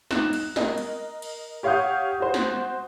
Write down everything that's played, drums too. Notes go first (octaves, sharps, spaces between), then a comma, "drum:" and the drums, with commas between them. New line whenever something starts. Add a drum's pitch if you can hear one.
D#4 F#6 E7, drum: snare
drum: cymbal
A#4 D#5, drum: snare
drum: cymbal
drum: cymbal
G4 C#5 F5 F#5 D#6 G6
F#4 C5
drum: snare